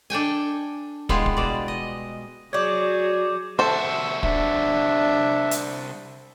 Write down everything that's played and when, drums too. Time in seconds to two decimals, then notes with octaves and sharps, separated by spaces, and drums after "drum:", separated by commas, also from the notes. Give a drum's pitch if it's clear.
0.10 D4 A4 G5 G#5
1.09 G3 G#3 B3 E4 F4, drum: kick
1.26 drum: kick
1.37 B2 D5
1.68 D#5
2.53 F#3 F#4 G#4 C#5 D5 D6 G6 G#6
3.59 C2 F#4 A4 C5 E5
4.23 D4 E5, drum: kick
5.51 drum: hi-hat